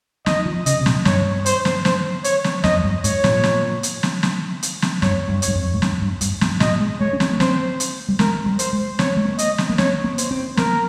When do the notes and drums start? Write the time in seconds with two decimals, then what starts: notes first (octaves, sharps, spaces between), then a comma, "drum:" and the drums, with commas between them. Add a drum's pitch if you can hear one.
0.26 D#3 D#5, drum: snare
0.46 F3
0.66 C#3 D#5, drum: hi-hat
0.81 C3
0.86 A#2, drum: snare
1.05 G2 C#5, drum: snare
1.46 C5, drum: hi-hat
1.65 drum: snare
1.85 C5, drum: snare
2.24 C#5, drum: hi-hat
2.44 drum: snare
2.64 F2 D#5, drum: snare
2.84 G2
3.04 G#2 C#5, drum: hi-hat
3.24 A#2, drum: snare
3.44 drum: snare
3.83 drum: hi-hat
4.03 drum: snare
4.23 drum: snare
4.63 drum: hi-hat
4.82 drum: snare
5.02 G2 C#5, drum: snare
5.29 G2
5.42 C#5, drum: hi-hat
5.48 G2
5.55 F2
5.74 G#2
5.82 G2, drum: snare
6.01 G2
6.21 G2, drum: hi-hat
6.41 G#2, drum: snare
6.60 A#2 D#5, drum: snare
6.81 G#3
7.00 G#3 C#5
7.13 C#4
7.20 C4, drum: snare
7.33 A#3
7.40 C4 C5, drum: snare
7.80 drum: hi-hat
8.09 G3
8.19 G#3 A#4, drum: snare
8.46 G3
8.59 C5, drum: hi-hat
8.73 G#3
8.99 C4 C#5, drum: snare
9.17 G#3
9.25 A#3
9.38 D#5, drum: hi-hat
9.58 drum: snare
9.70 A#3
9.78 C4 C#5, drum: snare
10.04 A#3
10.18 C5, drum: hi-hat
10.31 C4
10.57 A#3 A#4, drum: snare